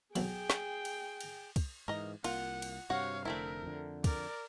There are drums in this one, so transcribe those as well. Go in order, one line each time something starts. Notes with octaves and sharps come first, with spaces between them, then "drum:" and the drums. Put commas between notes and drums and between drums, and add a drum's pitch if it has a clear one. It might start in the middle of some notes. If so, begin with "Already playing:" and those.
B1 F#3 G#4 G5, drum: cymbal
drum: snare
drum: cymbal
drum: cymbal
drum: kick, cymbal
G#2 E3 A#4 D#5
C2 A#3 F4 F#5, drum: cymbal
drum: cymbal
G2 C3 F#4 C#5 F5 F#5
F1 D3 A3 C4 E4 A#4
F2 D3
A#4 D5, drum: kick, cymbal